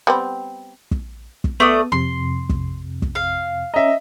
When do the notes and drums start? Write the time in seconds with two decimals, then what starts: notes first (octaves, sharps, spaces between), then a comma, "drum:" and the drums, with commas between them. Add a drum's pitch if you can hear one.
0.07 G3 B3 C4
0.91 drum: kick
1.44 drum: kick
1.60 A3 B3 D5 D#6
1.92 F2 C3 C6
2.49 drum: kick
3.02 drum: kick
3.15 F5
3.74 C#4 D#5 E5 A#5